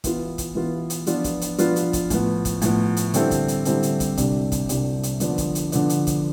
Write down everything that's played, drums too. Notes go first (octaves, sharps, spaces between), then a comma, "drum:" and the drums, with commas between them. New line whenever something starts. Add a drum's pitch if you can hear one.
E3 B3 F4, drum: kick, hi-hat
drum: kick, hi-hat
E3 B3 F4
drum: hi-hat
F3 B3 D4 F4 B4, drum: hi-hat
drum: kick, hi-hat
drum: hi-hat
F3 B3 D4 F4 B4, drum: hi-hat
drum: hi-hat
drum: kick, hi-hat
A2 F3 B3, drum: kick, hi-hat
drum: kick, hi-hat
A2 F3 B3, drum: hi-hat
drum: hi-hat
D3 G3 C4 E4 A4, drum: hi-hat
drum: kick, hi-hat
drum: hi-hat
D3 G3 C4 E4 A4, drum: hi-hat
drum: hi-hat
drum: kick, hi-hat
C2 C3 G3 D4, drum: kick, hi-hat
drum: kick, hi-hat
C2 C3 G3 D4, drum: hi-hat
drum: hi-hat
D3 F3 B3 D4, drum: hi-hat
drum: kick, hi-hat
drum: hi-hat
D3 F3 B3 D4, drum: hi-hat
drum: hi-hat
drum: kick, hi-hat